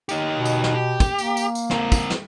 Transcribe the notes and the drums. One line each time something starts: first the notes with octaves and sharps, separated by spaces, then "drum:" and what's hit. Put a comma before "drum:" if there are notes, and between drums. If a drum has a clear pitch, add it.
D#4 G4, drum: tambourine
B2
drum: tambourine
drum: snare
G4
drum: kick, tambourine
A#3, drum: tambourine
drum: tambourine
drum: tambourine
C4 A#4, drum: snare
drum: kick, tambourine
drum: snare